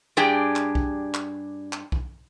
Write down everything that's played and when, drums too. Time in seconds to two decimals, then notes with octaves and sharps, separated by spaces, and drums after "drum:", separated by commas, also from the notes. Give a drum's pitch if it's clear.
0.17 G2 D4 G4 G#4 G5
0.56 drum: clap
0.75 drum: kick
1.14 drum: clap
1.73 drum: clap
1.92 drum: kick